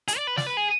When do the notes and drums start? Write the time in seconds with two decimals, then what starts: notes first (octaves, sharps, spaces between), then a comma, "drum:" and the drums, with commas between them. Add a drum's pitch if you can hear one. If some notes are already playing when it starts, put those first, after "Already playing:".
0.08 G#4, drum: hi-hat
0.17 D5
0.27 B4
0.37 D5, drum: snare
0.47 B4
0.57 G#4